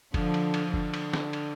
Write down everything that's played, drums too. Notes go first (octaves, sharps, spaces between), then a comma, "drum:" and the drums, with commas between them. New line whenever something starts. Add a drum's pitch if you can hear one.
D3 F3, drum: kick, cymbal
drum: cymbal
drum: cymbal
D3, drum: kick
drum: cymbal
drum: snare
drum: cymbal